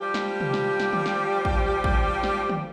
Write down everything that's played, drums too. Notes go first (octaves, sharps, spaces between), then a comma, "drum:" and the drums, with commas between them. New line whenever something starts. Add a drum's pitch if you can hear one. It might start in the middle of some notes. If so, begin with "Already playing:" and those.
F3 G3 G4
drum: snare
drum: tom C3
drum: snare
drum: snare
drum: tom D3
drum: snare
drum: kick
drum: kick
drum: snare
drum: tom D3